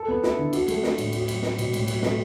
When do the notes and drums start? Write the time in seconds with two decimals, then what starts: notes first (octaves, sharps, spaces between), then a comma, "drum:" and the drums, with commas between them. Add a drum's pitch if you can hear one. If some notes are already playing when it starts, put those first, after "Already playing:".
Already playing: A4
0.08 B3
0.23 E4, drum: snare
0.38 D3
0.53 F#4, drum: cymbal
0.68 A3, drum: cymbal
0.83 D4, drum: snare
0.98 A2, drum: cymbal
1.12 F#4, drum: cymbal
1.28 F#3, drum: cymbal
1.42 B3, drum: snare
1.58 B2, drum: cymbal
1.73 A2, drum: cymbal
1.88 F#3, drum: cymbal
2.02 A3, drum: snare